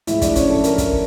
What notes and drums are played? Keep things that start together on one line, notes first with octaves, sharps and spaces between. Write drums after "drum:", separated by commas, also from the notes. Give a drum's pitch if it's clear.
A2 F3 G#3 E4 E5, drum: hi-hat
D4 D5, drum: kick, hi-hat
C#4 C#5, drum: hi-hat
A4
A#4, drum: hi-hat
drum: kick, hi-hat